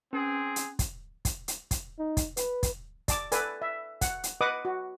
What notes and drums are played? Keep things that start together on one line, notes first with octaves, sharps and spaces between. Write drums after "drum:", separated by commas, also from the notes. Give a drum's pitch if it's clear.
C4 C#4 G#4
drum: hi-hat
drum: kick, hi-hat
drum: kick, hi-hat
drum: hi-hat
drum: kick, hi-hat
D#4
drum: kick, hi-hat
B4, drum: hi-hat
drum: kick, hi-hat
D5 A5 D6, drum: kick, hi-hat
A4 B4 D5 G#5, drum: hi-hat
E5
F#5, drum: kick, hi-hat
drum: hi-hat
B4 D#5 F#5 D6 D#6
F#4